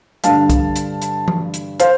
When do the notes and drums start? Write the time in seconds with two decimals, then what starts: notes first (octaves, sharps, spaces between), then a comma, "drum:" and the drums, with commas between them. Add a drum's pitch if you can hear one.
0.24 G2 D3 F5 A5, drum: hi-hat
0.50 drum: kick, hi-hat
0.76 drum: hi-hat
1.02 drum: hi-hat
1.28 drum: tom E3
1.54 drum: hi-hat
1.80 C5 F5, drum: hi-hat